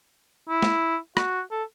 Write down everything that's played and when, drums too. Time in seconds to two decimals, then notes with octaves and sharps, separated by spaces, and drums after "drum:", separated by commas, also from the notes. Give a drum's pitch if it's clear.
0.49 E4
0.62 drum: snare
1.17 F#4, drum: rim click
1.51 A4